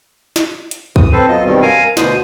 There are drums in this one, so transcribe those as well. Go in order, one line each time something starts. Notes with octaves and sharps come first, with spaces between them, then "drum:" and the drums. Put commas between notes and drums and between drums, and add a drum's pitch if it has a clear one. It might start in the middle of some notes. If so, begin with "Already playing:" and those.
drum: snare
drum: hi-hat
E3 D#6, drum: kick
C4 A4 B4 C5
F#3 B3 F4 D#5
G2 B2 D#3 G3 B3 C4
A#4 F5 G#5
D2 B2 B3 C5 D#6, drum: snare